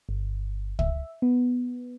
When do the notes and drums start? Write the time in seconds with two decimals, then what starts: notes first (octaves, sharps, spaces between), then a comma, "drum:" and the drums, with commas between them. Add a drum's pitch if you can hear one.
0.09 G1
0.79 E5, drum: kick
1.22 B3